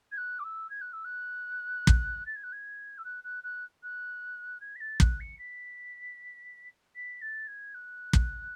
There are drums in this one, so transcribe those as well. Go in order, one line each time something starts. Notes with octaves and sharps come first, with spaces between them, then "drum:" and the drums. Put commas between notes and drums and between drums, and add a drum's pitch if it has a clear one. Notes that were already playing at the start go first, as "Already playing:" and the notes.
G#6
F#6
D6
E6
G#6
F#6
E6
F#6
drum: kick
A6
G#6
F#6
G#6
E6
F#6
F#6
F#6
F#6
G#6
B6
A6
F#6, drum: kick
C#7
B6
B6
A6
G#6
F#6
drum: kick